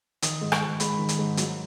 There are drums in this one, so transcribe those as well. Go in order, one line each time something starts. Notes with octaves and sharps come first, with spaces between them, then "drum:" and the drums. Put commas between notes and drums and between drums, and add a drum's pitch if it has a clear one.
D#3 D#6, drum: hi-hat
G#2
C#6, drum: rim click
G#2
G#3 B5, drum: hi-hat
D#3
drum: hi-hat
G#2
F#3, drum: hi-hat